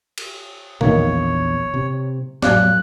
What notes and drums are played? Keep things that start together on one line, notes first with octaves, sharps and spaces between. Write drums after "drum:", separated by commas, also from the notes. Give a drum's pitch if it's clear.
drum: cymbal
A#1 E2 D#3 A#3 C#5, drum: tom A#2
C3
F2 A2 F#3 D5 F5 G#5 F#6, drum: snare